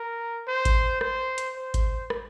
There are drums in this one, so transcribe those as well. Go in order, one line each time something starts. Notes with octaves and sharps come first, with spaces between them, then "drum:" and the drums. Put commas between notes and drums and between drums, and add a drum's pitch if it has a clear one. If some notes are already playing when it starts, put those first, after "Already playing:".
Already playing: A#4
C5
drum: kick G#1, hi-hat
C5, drum: rim click
drum: hi-hat
C5
drum: kick G#1, hi-hat
drum: rim click